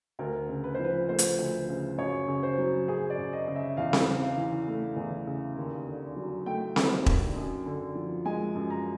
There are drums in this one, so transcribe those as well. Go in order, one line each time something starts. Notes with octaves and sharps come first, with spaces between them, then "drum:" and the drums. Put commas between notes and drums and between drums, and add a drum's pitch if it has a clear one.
D2 A#4
C#3
B4
F3 C5
B4
A3 C5
drum: hi-hat
D2
C#3
F#2 C#5
C#3
C5
F#3
F#2 G#4
D5
F#2
D#5
C#3
E5
E2 F5
drum: snare C4
C#3
F5
E3
A3
E2
C#3
D#2
D3
F#3
A3 G5
D#2, drum: snare C4
D3, drum: kick E1
F#2
D3
F3
G#3 G#5
F#2
A#5